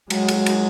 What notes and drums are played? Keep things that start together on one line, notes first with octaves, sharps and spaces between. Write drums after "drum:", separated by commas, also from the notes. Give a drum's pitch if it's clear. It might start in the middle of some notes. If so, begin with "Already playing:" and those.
F#3 G#3, drum: cymbal
drum: cymbal
drum: cymbal